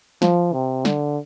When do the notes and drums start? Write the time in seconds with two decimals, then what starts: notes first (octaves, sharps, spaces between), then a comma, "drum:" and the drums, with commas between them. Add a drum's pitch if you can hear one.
0.22 F3, drum: snare
0.53 C3
0.85 D3, drum: snare